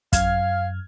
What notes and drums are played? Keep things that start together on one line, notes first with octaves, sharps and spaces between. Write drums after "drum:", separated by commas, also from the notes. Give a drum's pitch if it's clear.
F#2 F5 F6 G#6, drum: kick, hi-hat